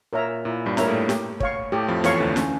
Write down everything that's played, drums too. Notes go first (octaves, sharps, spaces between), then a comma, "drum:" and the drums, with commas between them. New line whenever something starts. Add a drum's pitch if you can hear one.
A#2 A#4 C#5 E5 A#5
A#2 E4
G2 G3
A#3 A#4 C#5 E5 A#5, drum: snare
A2 A3
G4, drum: snare
C#5 F5 C#6, drum: kick
A2 A3 G4
F2 F3
E2 E3 C#5 F5 C#6, drum: snare
D2 D3
D3 C#4, drum: snare